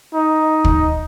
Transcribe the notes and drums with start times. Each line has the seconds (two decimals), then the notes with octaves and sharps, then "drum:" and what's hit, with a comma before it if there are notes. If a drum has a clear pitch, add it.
0.15 D#4
0.64 drum: kick